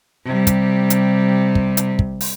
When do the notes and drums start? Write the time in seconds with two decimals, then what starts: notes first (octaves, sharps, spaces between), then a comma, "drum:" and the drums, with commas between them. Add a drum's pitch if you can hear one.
0.25 C3 G3
0.47 drum: kick, hi-hat
0.90 drum: hi-hat
1.55 drum: kick
1.77 drum: hi-hat
1.99 drum: kick
2.21 drum: open hi-hat